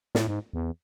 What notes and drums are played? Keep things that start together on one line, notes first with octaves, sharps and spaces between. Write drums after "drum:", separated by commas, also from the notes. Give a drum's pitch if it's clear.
A2, drum: snare
G#2
E2